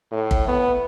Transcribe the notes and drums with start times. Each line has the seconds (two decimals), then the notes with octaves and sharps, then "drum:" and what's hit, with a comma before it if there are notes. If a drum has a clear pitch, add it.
0.12 A2
0.31 drum: kick
0.48 B3